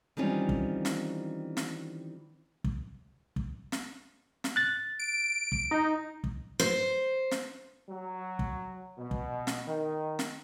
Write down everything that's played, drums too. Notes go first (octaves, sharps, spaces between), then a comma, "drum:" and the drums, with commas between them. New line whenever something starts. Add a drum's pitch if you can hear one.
D#3 E3 G3 C4 C#4 F4
drum: kick
drum: snare
drum: snare
drum: kick
drum: kick
drum: snare
drum: snare
F#6 A6
D7
drum: kick
D#4
drum: kick
C5, drum: snare
drum: snare
F#3
drum: kick
B2
drum: kick
drum: snare
D#3
drum: snare